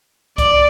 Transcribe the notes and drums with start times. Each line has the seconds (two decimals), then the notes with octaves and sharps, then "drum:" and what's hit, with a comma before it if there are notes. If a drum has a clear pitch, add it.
0.38 D5, drum: kick C2, hi-hat